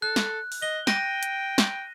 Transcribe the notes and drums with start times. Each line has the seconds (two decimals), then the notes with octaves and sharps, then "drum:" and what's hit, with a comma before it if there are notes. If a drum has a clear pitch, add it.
0.02 A4 F#6
0.16 drum: snare
0.52 drum: open hi-hat
0.62 D#5 G7
0.87 G5 A#6 D#7, drum: snare
1.23 drum: hi-hat
1.58 drum: snare